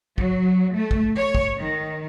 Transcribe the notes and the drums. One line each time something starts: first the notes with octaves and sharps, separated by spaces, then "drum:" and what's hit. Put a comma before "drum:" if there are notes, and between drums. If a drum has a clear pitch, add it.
F#3, drum: kick
A3
drum: kick
C#5
drum: kick
D#3